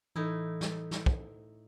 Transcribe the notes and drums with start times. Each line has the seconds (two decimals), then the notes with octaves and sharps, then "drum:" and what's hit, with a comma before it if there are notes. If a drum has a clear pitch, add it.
0.16 A2 E3 D#4 E4
0.61 drum: snare
0.91 drum: snare
1.06 drum: kick